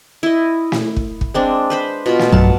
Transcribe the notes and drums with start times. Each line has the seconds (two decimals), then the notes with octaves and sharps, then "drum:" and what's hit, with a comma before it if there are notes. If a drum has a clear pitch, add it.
0.23 E4 D#5
0.72 drum: snare
0.96 drum: kick
1.21 drum: kick
1.34 G#3 C4 D4
1.70 B4 C5 B5
2.06 B2 F4 B5
2.19 drum: snare
2.32 B1 G2 F#3 F5 F#5 A5